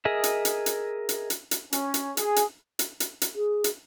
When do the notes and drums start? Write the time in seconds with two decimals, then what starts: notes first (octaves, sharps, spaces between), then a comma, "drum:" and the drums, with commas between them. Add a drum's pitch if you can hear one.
0.05 G#4 A#4 D#5 E5
0.24 drum: hi-hat
0.45 drum: hi-hat
0.66 drum: hi-hat
1.09 drum: hi-hat
1.30 drum: hi-hat
1.51 drum: hi-hat
1.73 C#4, drum: hi-hat
1.94 drum: hi-hat
2.17 G#4, drum: hi-hat
2.36 drum: hi-hat
2.79 drum: hi-hat
3.00 drum: hi-hat
3.22 drum: hi-hat
3.35 G#4
3.64 drum: hi-hat